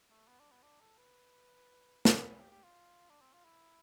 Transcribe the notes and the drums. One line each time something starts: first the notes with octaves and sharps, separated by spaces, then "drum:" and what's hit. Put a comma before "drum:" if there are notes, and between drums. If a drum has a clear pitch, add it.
A3
B3
D4
B3
D4
A4
B4
drum: snare
B4
G4
G4
F4
D4
C4
F4
E4